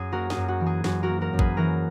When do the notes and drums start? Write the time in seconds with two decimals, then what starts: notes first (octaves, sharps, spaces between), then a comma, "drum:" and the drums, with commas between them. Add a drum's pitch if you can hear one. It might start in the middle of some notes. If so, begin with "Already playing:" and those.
Already playing: F#2 G#4
0.12 A#3 F#4 A#4
0.30 G#4, drum: snare
0.37 F#2
0.48 F#4
0.60 E3
0.66 G#4
0.84 F#2 F#4, drum: snare
1.03 F#4 A#4
1.09 A#3
1.21 F#4 A#4
1.33 F#2
1.39 G#4 B4, drum: kick G#1
1.57 E3 F#4 A#4